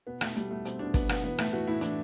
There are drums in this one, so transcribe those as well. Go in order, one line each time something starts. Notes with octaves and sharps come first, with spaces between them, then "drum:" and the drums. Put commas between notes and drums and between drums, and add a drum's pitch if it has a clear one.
B2 B3
B2 A3, drum: rim click
B2 G3, drum: hi-hat
B2 A3
B2 C4, drum: hi-hat
B2 D4
B2 B3, drum: kick, hi-hat
B2 B3, drum: rim click
E3 B3
A2 A3, drum: rim click
E3 F#4
A2 E4
E3 D4, drum: hi-hat